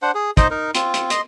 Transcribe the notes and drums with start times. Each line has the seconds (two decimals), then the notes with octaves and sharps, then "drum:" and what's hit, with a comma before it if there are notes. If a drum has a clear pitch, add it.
0.02 D4 C5 F#5
0.14 G#4
0.37 D#4 C5 D#5, drum: kick, hi-hat
0.51 D#4 A#4
0.75 C4 F4, drum: hi-hat
0.94 drum: hi-hat
1.10 D#5 C6, drum: hi-hat